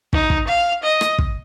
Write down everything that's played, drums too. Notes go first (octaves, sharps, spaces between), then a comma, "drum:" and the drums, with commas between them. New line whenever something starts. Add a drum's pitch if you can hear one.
D#4, drum: kick
drum: kick
F5
D#5
drum: rim click
drum: kick